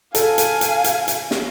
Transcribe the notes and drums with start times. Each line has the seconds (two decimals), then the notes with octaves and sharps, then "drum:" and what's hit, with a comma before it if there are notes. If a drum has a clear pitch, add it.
0.15 A4 F5 G#5, drum: hi-hat
0.38 drum: hi-hat
0.61 drum: hi-hat
0.84 drum: hi-hat
1.08 drum: hi-hat
1.31 drum: snare